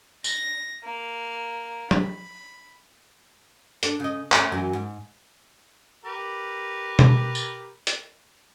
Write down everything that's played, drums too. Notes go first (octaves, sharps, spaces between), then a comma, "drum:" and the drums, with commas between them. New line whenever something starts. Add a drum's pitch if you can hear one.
A#6, drum: tambourine
A#3
B5, drum: tom F#3
D4 A4, drum: hi-hat
C#3 D#5
A3 C#4, drum: clap
F#2 E3 F#3
G#2
G4 A#4 B4
drum: tom B2
drum: tambourine
drum: hi-hat